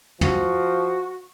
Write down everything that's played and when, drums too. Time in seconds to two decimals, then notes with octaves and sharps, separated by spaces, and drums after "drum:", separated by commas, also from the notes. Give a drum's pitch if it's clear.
0.21 F3 F#4, drum: tom